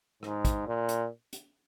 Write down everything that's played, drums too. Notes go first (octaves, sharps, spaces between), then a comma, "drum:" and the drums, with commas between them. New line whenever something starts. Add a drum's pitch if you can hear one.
G#2, drum: rim click
drum: kick, hi-hat
A#2
drum: hi-hat
drum: hi-hat